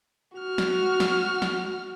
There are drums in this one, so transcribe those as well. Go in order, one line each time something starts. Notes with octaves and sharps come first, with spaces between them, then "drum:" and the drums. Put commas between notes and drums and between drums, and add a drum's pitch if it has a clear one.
F#4 F6
drum: snare
drum: snare
drum: snare